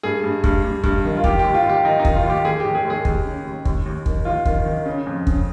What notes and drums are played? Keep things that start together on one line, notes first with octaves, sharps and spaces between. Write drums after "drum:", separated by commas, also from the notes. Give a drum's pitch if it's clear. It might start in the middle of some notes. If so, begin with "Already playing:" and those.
G2 G#4
G2
G2, drum: kick
G2
G2, drum: kick
D#3
F4
D#3 G4, drum: kick
G4
D#2
F4
D#2
G4
D#3 D#4
D#4
D#3, drum: kick
F4
D#2
G4
D#2 G#4
G4
D#2
G#4
D#2 G#4
D#2, drum: kick
C#3
D#2
D#2, drum: kick
D#2
D#3, drum: kick
D#2 F4
D#3, drum: kick
D#3
C#3
F2
C#3, drum: kick